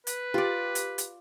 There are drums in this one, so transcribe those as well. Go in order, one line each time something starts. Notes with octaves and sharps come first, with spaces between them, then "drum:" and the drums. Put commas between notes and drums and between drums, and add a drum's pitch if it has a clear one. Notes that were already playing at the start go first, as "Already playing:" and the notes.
B4, drum: hi-hat
F4 G4 D5
drum: hi-hat
drum: hi-hat